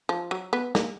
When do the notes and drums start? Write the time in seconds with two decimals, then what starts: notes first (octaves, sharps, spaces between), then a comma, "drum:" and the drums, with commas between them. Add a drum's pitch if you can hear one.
0.09 F3
0.31 F#3
0.53 B3
0.75 A#3, drum: snare